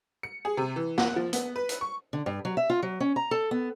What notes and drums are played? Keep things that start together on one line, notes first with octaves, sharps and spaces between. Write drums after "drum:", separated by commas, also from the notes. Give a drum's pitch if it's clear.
C#7
G#4
C3
E3
F#5, drum: snare
F3
B3, drum: hi-hat
B4
drum: hi-hat
C#6
D3
G2
F#3
E5
F4
F#3
C#4
A#5
A4
B3